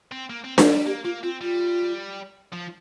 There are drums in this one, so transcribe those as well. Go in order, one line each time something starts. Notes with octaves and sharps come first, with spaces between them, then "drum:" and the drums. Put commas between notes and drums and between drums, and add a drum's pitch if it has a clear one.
C4
A#3
C4
F3, drum: snare D4
G3
A#3 G4
A#3 F4
C4 F4
G3 F4
F3